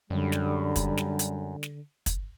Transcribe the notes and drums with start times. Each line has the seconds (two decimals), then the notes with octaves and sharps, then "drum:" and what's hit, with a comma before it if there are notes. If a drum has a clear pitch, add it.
0.10 F#2 D3 G3
0.32 drum: snare
0.76 drum: kick, hi-hat
0.97 drum: snare
1.19 drum: hi-hat
1.63 drum: snare
2.06 drum: kick, hi-hat